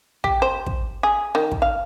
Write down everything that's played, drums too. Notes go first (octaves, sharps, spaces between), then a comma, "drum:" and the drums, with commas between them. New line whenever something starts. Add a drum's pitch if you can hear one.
G4, drum: kick
C5
drum: kick
G#4
D#3
drum: kick
F5